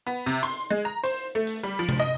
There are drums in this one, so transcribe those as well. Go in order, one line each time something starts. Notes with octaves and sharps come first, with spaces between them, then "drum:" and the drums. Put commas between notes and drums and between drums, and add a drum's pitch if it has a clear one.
B3
C3
C6, drum: hi-hat
G#3
A#5
C5, drum: hi-hat
A3
drum: hi-hat
G3
F3
drum: tom C3
D#5